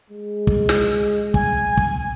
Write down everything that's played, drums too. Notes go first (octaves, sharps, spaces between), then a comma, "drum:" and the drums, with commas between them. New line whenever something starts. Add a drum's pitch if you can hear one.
G#3
drum: kick
drum: snare
G#5, drum: kick
drum: kick